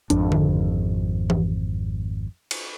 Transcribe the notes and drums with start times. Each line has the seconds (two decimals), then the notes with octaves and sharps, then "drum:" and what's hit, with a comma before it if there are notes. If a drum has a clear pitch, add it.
0.10 G#1 F2 D4, drum: hi-hat
0.32 drum: tom D3
1.30 drum: tom E3
2.51 drum: cymbal